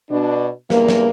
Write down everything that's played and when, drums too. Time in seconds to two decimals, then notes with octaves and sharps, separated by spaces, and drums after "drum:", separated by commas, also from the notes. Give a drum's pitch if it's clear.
0.10 B2 D4
0.70 E2 G2 A#3, drum: snare
0.88 drum: snare